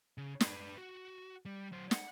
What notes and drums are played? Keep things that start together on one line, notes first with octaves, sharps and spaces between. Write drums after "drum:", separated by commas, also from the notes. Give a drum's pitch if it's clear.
C#3
D4 B4, drum: snare
F#4
G3
F#3 C5
F#5, drum: snare